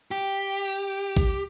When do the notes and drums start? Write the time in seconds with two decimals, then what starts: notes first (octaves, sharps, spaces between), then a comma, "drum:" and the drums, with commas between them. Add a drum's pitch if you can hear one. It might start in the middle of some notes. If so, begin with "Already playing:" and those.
0.11 G4
1.17 drum: kick A1